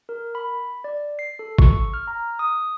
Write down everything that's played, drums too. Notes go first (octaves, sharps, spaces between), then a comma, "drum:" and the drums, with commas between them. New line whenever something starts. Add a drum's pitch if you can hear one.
A#4
B5
D5
C7
A4
C#6, drum: kick
F6
A#5
D#6